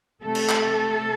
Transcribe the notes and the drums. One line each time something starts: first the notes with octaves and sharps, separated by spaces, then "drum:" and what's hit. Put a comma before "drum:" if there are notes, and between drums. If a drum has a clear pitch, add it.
C3 A3 A4
drum: cymbal
drum: clap